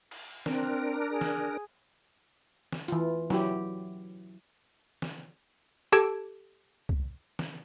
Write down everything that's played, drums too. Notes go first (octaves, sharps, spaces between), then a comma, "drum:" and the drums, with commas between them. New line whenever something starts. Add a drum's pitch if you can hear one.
drum: cymbal
C4 D4 A#4, drum: snare
G#4
drum: snare
drum: snare
E3 F4, drum: hi-hat
F#3 E4 G4, drum: snare
drum: snare
G4 A4 A5 D6 G#6 D7
drum: kick
drum: snare